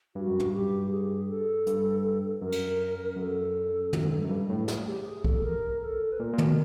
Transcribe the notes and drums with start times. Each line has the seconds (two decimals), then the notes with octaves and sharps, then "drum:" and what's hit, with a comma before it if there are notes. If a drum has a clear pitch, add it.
0.15 G2 F#4
0.27 F#2
0.39 G2, drum: tom
0.53 G4
0.91 G#4
1.29 A4
1.67 G2, drum: hi-hat
2.41 F#2 A#4
2.52 drum: cymbal
3.17 F#2 A4
3.93 F#2, drum: tom
4.04 G#2
4.11 G2
4.24 F#2
4.30 G2
4.49 A2
4.68 G#4, drum: snare
4.87 G4
5.06 G#4
5.24 A4, drum: kick
5.44 A#4
5.81 A4
6.12 B4
6.19 A#2 A#4
6.33 A#2
6.38 B2, drum: tom